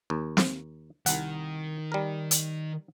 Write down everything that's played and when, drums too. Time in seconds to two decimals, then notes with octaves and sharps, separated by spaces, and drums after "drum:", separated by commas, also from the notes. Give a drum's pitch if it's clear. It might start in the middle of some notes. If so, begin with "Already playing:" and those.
0.10 D#2
0.37 drum: snare
1.06 C2 D#3 F#5, drum: hi-hat
1.92 G3 A#4
2.31 drum: hi-hat